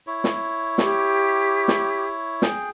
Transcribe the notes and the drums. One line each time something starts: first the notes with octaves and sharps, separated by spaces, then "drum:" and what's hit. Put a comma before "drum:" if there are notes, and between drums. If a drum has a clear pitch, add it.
E4 C#5
drum: snare
G4, drum: snare
drum: snare
G#4 G5, drum: snare